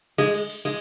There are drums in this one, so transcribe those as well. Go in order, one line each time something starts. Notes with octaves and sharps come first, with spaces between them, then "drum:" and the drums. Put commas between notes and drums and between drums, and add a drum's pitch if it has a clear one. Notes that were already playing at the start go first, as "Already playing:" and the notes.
G#3, drum: cymbal
drum: cymbal
drum: cymbal
G#3, drum: cymbal